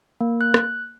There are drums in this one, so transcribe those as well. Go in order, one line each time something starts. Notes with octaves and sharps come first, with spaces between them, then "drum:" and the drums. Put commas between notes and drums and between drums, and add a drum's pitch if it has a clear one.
A#3
F#6
drum: rim click